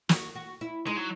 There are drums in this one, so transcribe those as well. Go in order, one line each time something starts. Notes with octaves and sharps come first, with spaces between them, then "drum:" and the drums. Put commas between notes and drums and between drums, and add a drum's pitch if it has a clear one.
F#4, drum: snare
F#4
E4
G#3 D#4
F#3